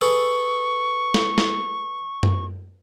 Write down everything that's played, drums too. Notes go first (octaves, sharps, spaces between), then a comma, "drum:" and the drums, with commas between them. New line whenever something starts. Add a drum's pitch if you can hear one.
G#4 A4 B4 C#6
drum: snare
drum: snare
drum: tom F#2